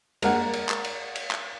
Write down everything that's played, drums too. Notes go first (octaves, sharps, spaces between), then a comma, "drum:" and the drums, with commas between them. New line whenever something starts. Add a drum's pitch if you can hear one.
G#3 A#3 F#5, drum: cymbal
drum: cymbal
drum: clap
drum: cymbal
drum: cymbal
drum: clap